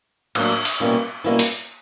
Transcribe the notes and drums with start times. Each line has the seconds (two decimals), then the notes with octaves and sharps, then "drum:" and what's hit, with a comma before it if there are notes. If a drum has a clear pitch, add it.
0.35 A2 F#3 A#3 D4, drum: cymbal
0.65 drum: open hi-hat
0.80 B2 G3 A#3 C#4 E4
1.24 B2 G3 A#3 C#4 E4
1.39 drum: open hi-hat